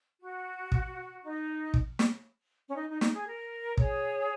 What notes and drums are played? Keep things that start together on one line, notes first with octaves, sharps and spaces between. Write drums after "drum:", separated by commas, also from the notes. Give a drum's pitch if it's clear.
F#4
drum: kick
D#4
drum: kick
drum: snare
C#4
D#4
D#4
D#4, drum: snare
G#4
A#4
G#4 C#5, drum: kick